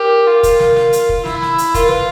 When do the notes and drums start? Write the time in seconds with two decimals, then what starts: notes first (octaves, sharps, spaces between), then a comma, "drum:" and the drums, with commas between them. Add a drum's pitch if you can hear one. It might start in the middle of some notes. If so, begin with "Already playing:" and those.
Already playing: G4 A#4
0.27 F4
0.43 drum: kick, hi-hat
0.60 drum: snare
0.76 drum: snare
0.93 drum: hi-hat
1.09 drum: kick
1.25 E4, drum: snare
1.42 drum: snare
1.58 drum: hi-hat
1.74 F4 A#4, drum: kick, hi-hat
1.89 B4, drum: snare